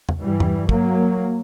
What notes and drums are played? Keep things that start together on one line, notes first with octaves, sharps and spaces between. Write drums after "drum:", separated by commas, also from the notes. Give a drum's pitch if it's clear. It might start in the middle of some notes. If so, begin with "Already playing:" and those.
drum: tom E2
G2 E3 G3
drum: tom E2
F#3 A#3, drum: kick